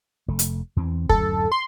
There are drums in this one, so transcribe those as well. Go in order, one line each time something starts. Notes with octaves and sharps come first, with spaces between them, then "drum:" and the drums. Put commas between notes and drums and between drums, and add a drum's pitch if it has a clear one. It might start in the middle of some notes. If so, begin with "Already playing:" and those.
F1 A3
drum: hi-hat
E2 E3 C4
D1 F#2 A2 A4, drum: kick
C6